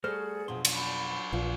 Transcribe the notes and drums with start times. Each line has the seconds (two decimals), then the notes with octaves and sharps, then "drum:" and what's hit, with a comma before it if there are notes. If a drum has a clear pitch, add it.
0.04 G3 A3 F#4 G#4 A4 C5 F6
0.48 F2 B2 F3 F#3 D4 C6
0.65 drum: cymbal
0.74 B5
1.32 A#1 E2 F4